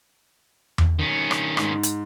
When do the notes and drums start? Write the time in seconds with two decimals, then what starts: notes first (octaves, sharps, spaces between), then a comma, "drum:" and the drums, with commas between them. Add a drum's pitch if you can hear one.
0.78 drum: tom E2
0.99 D#3 C#4
1.31 drum: rim click
1.57 G#2, drum: rim click
1.83 drum: hi-hat